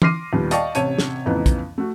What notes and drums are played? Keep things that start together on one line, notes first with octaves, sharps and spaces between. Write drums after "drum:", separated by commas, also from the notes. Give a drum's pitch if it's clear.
C6 D6 F6 A#6 C7 D#7, drum: tom E3
D#2 A#2 G3 B3
D5 D#5 F5 G5 A5 C#6, drum: hi-hat
A1 C3 C#5 A5 D#7, drum: hi-hat
drum: snare
F2 A2 C#3 E3 B3 D#4
drum: kick, hi-hat
A3 F#4